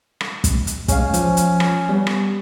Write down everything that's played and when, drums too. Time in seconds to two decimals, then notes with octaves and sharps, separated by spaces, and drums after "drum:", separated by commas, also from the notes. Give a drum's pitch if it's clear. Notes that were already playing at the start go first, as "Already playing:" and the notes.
0.21 drum: rim click
0.44 drum: kick, hi-hat
0.67 drum: hi-hat
0.88 G#3 C#4 F5, drum: kick, hi-hat
1.14 F3, drum: hi-hat
1.37 drum: hi-hat
1.60 drum: rim click
1.89 G3 B3
2.07 drum: rim click